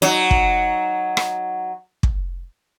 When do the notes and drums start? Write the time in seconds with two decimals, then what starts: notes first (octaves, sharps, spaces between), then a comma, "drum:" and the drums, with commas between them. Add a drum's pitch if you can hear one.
0.02 F#3 D#4, drum: hi-hat
0.31 drum: kick
1.17 drum: rim click
2.03 drum: kick